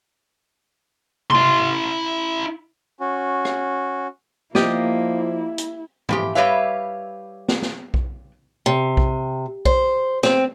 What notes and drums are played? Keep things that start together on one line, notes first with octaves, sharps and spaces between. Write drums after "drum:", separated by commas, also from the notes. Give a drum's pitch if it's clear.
E4 C6, drum: tom C3
C#4 F#4
drum: rim click
F3 A#3 E4 G4 D5 D#5, drum: snare
drum: hi-hat
E3 F3 G4, drum: tom
G3 G4 B4 C#5 E5 F5
drum: snare
drum: snare
drum: kick B1
C3
drum: kick B1
C5, drum: kick B1
C4, drum: snare